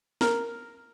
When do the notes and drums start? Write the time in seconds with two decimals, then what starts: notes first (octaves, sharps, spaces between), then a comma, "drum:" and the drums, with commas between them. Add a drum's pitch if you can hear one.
0.21 A#4, drum: snare